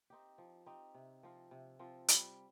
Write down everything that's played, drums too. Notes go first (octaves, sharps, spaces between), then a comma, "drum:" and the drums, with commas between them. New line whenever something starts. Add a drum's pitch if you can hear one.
C4 D#4 G4
F3
C4 D#4 G4
C3
F3 C4 F4
C3
F3 C4 F4
G3, drum: hi-hat